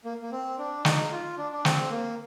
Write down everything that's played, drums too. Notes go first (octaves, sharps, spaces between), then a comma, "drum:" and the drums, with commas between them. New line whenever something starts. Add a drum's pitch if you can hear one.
A#3
A#3
C4
D4
D#4, drum: snare
F4
D4
D4
C4, drum: snare
A#3